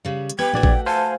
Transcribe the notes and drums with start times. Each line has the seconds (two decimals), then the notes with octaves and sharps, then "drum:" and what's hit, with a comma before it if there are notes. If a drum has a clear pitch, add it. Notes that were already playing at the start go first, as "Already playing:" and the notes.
0.05 C#3 G3
0.30 drum: hi-hat
0.39 B3 G4 B4 G5 G#6
0.53 A#1 A3 F#4 D5 G#6
0.63 drum: kick A1
0.86 C5 F5 G#5 A5